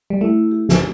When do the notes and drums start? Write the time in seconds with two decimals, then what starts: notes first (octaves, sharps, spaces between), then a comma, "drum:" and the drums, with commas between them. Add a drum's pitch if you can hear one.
0.10 G3
0.21 A3 E4
0.51 G4
0.69 drum: snare